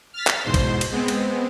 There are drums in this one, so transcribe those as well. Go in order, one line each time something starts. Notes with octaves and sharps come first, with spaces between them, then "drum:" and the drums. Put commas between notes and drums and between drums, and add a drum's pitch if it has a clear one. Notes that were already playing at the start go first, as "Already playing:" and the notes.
F6 A6 B6
drum: clap
E2 G#2 B2 C5 C6
drum: kick, cymbal
drum: cymbal
G#3 B3 C4
drum: cymbal